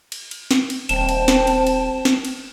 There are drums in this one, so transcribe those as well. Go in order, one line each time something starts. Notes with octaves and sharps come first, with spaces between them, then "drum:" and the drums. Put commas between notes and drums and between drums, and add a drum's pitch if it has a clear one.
drum: cymbal
drum: cymbal
drum: snare
drum: cymbal
D#1 C4 G5 A5 E7, drum: cymbal
drum: cymbal
drum: snare
drum: cymbal
drum: cymbal
drum: snare
drum: cymbal